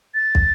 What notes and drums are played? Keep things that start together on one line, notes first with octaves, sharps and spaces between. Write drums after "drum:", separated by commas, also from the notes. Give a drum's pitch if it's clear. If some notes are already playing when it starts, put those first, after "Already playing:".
A6
drum: kick